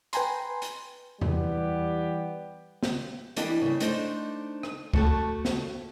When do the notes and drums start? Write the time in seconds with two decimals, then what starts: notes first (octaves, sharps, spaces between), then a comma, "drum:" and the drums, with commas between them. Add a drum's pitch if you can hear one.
0.13 B4 G5 G#5 A#5 C6, drum: hi-hat
0.62 drum: hi-hat
1.21 E3 G3 B3 G4, drum: tom E2
2.83 drum: snare
3.37 E3 A#3 D4 G4 D#5, drum: hi-hat
3.61 C#3 G3
3.80 A3 D4 D#4 C5, drum: hi-hat
4.63 drum: rim click
4.94 A3 F#4 G4 A4 A5, drum: kick
5.45 drum: snare